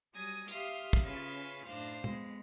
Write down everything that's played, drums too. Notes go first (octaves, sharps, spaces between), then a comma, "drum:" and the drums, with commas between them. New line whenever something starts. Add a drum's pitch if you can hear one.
F#3 G3 G#5 D#6 A#6
G4 E5 F5 C6 D#6 F6, drum: hi-hat
drum: kick
C#3 C#4 F4 B4 E5
F#2 A2 D4 C5 F5
F2 G#3 B3, drum: tom A#2